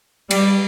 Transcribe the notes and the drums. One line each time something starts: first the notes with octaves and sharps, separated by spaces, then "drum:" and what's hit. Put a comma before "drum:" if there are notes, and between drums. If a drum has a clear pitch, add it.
G3, drum: cymbal